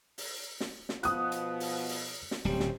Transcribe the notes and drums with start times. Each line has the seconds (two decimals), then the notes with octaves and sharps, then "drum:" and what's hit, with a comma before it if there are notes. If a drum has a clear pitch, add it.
0.18 drum: open hi-hat
0.60 drum: snare
0.89 drum: snare
1.03 B2 F3 B3 D#6 F#6, drum: hi-hat
1.32 drum: hi-hat
1.60 drum: open hi-hat
1.89 drum: open hi-hat
2.31 drum: snare
2.45 D1 C3 G3 C#4 C5
2.60 drum: snare